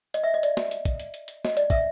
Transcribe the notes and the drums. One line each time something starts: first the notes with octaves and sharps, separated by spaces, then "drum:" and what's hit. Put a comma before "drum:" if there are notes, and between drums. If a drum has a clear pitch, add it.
D#5, drum: hi-hat
E5
D#5
D5, drum: hi-hat
drum: snare
drum: hi-hat
drum: kick, hi-hat
drum: hi-hat
drum: hi-hat
drum: hi-hat
D#5, drum: snare
D5, drum: hi-hat
E5, drum: kick, hi-hat